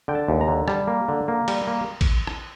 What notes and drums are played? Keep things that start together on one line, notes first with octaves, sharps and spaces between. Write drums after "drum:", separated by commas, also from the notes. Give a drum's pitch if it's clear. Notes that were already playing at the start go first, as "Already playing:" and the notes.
D3 G5
A5
D#2
A#5
D3
G3 A5, drum: rim click
A#3
D3
A#3
G3, drum: cymbal
A#3
drum: kick A1, cymbal
drum: rim click